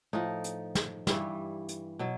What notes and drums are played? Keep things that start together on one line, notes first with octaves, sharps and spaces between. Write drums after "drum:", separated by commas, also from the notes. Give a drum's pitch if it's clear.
A2 F3 D#4
drum: hi-hat
drum: snare
G2 E3 G3, drum: snare
drum: hi-hat
B2 F#3